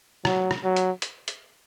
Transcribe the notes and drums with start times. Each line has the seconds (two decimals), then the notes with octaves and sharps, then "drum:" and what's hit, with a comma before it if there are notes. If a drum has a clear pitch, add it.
0.25 F#3, drum: rim click
0.51 drum: rim click
0.64 F#3
0.76 drum: hi-hat
1.02 drum: hi-hat
1.28 drum: hi-hat